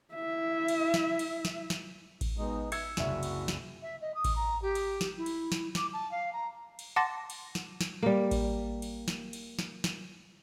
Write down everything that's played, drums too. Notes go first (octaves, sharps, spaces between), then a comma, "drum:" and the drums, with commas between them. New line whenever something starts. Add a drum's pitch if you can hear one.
E4 E5
drum: cymbal
drum: snare
drum: cymbal
drum: snare
drum: snare
drum: kick A1, cymbal
B2 G#3 D#4
E5 E6 G#6 C#7, drum: cymbal
F#1 C2 F#4 E5, drum: snare
drum: cymbal
drum: snare
E5
D#5
D#6
drum: kick A1, cymbal
A#5
G4
drum: cymbal
drum: snare
E4
drum: cymbal
drum: snare
D6, drum: snare
A5
F5
A#5
drum: cymbal
F#5 A5 C6 D6 A6 A#6
drum: cymbal
drum: snare
drum: snare
G3 A#3
drum: kick A1, cymbal
drum: cymbal
drum: snare
drum: cymbal
drum: snare
drum: snare